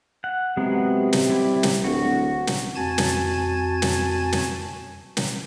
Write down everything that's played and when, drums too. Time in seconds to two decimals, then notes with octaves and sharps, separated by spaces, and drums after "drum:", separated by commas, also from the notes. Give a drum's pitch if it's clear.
0.24 F#5
0.57 C3 F#3 G#3 B3
1.13 drum: snare
1.29 G3 E4
1.63 drum: snare
1.84 D1 F#4
2.47 drum: snare
2.75 F2 F#4 G#5 A5 G#6 A6
2.98 drum: snare
3.82 drum: snare
4.32 drum: snare
5.17 drum: snare